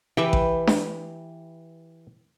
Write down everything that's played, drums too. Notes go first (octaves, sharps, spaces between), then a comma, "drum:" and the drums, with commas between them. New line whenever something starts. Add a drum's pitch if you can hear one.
E3 G4 B4 E5 G5
drum: kick A1
drum: snare D4